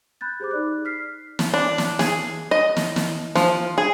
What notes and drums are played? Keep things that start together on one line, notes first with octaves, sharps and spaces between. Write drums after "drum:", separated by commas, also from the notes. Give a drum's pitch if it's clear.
B5 F#6 G6 A6
G4 G#4 C5 B5 D6
D#4 D5 F#6
F6 B6 C7
drum: snare
D4
drum: snare
G#4, drum: snare
D#5
drum: snare
drum: snare
F3, drum: snare
G#4